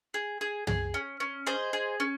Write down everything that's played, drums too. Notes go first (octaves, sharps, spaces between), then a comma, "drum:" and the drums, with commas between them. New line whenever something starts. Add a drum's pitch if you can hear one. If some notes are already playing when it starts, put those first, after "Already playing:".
G#4
G#4
G#4, drum: tom
C#4
C#4
G#4 C5 D#5
G#4
C#4